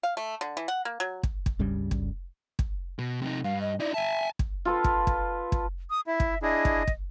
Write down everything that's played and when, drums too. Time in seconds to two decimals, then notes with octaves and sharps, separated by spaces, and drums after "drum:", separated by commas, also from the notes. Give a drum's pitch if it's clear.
0.03 F5
0.17 A3
0.41 D3
0.57 E3
0.68 F#5
0.85 A#3
1.00 F#3
1.23 drum: kick
1.46 drum: kick
1.59 C#2 G2 C#3 G3
1.91 drum: kick
2.59 drum: kick
2.99 B2
3.22 C3 D#4
3.44 G2 F5
3.61 D#5
3.80 D#4 E4 D5
3.94 E5 G#5 A5
4.39 drum: kick
4.65 F4 A4 B4
4.84 drum: kick
5.07 drum: kick
5.52 drum: kick
5.90 D#6
6.07 E4 E5
6.20 drum: kick
6.42 D4 E4 G#4 D#5
6.65 drum: kick
6.87 drum: kick